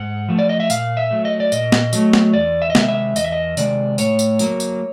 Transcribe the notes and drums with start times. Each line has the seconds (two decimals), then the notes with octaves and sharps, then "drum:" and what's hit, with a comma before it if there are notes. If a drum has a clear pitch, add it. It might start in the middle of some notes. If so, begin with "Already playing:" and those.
Already playing: G#2 F#5
0.29 F3 A3
0.39 D5
0.49 D#5
0.60 E5
0.70 A#2 F5, drum: tambourine
0.97 E5
1.11 F#3 A3
1.25 D#5
1.40 D5
1.52 A#2 D#5, drum: tambourine
1.72 drum: snare
1.93 F#3 A3, drum: tambourine
2.13 drum: snare
2.34 E2 D5
2.62 E5
2.70 D#5
2.75 C3 D#3 G#3 E5, drum: snare
2.88 E5
3.16 E2 D#5, drum: tambourine
3.24 E5
3.32 D#5
3.57 C3 D#3 G#3 D5, drum: tambourine
3.98 A2 C#5, drum: tambourine
4.19 drum: tambourine
4.39 F#3 A#3, drum: tambourine
4.60 drum: tambourine